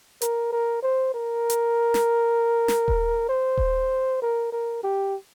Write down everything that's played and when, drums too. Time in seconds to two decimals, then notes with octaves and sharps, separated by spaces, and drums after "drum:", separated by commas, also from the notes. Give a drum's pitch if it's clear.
0.22 A#4, drum: hi-hat
0.52 A#4
0.83 C5
1.14 A#4
1.50 drum: hi-hat
1.94 drum: snare
2.68 drum: snare
2.88 drum: kick D#1
3.29 C5
3.58 drum: kick D#1
4.22 A#4
4.52 A#4
4.83 G4